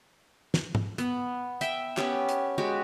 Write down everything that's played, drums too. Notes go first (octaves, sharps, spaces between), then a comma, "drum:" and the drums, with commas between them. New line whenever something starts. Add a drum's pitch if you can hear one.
drum: snare
drum: tom G#2
B3, drum: hi-hat
E5 G5, drum: hi-hat
B3 C#4 G4, drum: clap
drum: hi-hat
G#3 F#4 G4